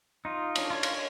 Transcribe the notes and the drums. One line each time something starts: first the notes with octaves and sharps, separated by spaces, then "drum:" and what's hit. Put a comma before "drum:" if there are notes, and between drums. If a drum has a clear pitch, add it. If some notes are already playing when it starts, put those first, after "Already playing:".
D#4 F4
C#4 D4, drum: cymbal
F4 C#5
drum: cymbal